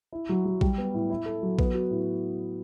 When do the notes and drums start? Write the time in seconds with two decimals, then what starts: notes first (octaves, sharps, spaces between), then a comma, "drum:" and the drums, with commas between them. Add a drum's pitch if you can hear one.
0.13 E4
0.29 F#3
0.45 F#3
0.61 G3, drum: kick A#1
0.78 B3
0.94 A2
1.10 E4
1.26 A4
1.43 F#3
1.59 B3, drum: kick A#1
1.74 F#4
1.90 A2